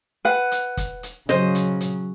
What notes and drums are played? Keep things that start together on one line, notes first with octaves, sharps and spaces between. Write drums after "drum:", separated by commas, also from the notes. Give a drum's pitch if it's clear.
B4 F#5
drum: hi-hat
drum: kick, hi-hat
drum: hi-hat
C#3 F#3 C5 D#5, drum: snare
drum: hi-hat
drum: hi-hat